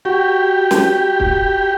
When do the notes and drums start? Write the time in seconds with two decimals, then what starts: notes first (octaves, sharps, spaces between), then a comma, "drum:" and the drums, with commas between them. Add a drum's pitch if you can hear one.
0.05 F#4 G4
0.71 drum: snare
1.20 drum: kick